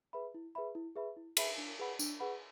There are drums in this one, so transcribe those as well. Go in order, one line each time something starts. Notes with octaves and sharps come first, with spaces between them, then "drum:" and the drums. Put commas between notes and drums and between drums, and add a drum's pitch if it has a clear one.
G#4 B4 E5 B5
E4
G#4 B4 E5 B5
E4
G#4 B4 E5 B5
E4
G#4 B4 E5 B5, drum: cymbal
D4
G#4 B4 F#5 B5
D4, drum: tambourine
G#4 B4 F#5 B5